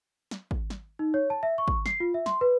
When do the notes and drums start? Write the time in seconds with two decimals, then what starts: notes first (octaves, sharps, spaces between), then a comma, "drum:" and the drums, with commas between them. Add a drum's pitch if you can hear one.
0.31 drum: snare
0.51 drum: kick
0.70 drum: snare
0.99 D#4
1.14 C#5
1.30 A5
1.43 E5
1.58 C#6
1.68 drum: kick
1.86 C7, drum: snare
2.00 F4
2.14 E5
2.26 C6, drum: snare
2.41 B4